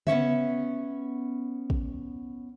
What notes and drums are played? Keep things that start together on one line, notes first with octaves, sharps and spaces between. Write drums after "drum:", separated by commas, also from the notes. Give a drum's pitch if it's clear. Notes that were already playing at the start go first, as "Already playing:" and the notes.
B3 C#4 C#5 E5, drum: tom C#3
drum: kick